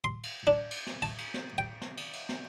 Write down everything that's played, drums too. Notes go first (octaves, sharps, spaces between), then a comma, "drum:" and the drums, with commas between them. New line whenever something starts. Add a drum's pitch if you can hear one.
C6
drum: cymbal
D4
drum: cymbal
drum: snare
A5, drum: cymbal
drum: cymbal
drum: snare
G5
drum: snare
drum: cymbal
drum: cymbal
drum: snare